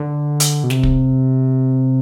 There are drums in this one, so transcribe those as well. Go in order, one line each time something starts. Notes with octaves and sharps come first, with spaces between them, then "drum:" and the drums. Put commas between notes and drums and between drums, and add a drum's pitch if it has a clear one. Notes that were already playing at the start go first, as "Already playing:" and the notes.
Already playing: D3
drum: hi-hat
B2
C3, drum: snare
drum: kick